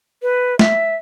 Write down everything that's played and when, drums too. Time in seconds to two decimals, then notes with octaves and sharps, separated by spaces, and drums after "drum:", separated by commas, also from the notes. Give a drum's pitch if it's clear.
0.22 B4
0.59 E5, drum: snare